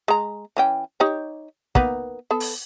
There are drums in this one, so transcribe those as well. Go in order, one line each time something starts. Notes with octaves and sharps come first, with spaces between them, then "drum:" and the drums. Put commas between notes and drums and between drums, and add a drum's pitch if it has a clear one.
G#3 A#5
E3 C#4 G5
D#4 G4 C#5
A#3 B3 D#4, drum: kick
B3 A4
drum: open hi-hat